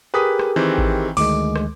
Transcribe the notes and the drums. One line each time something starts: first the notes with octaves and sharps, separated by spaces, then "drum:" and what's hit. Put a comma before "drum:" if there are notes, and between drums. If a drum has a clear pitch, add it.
G4 G#4 A#4 B4 D#6 B6
drum: rim click
D#3 E3 C4
drum: kick G#1
D2 D#3 G#3 D6, drum: open hi-hat
drum: rim click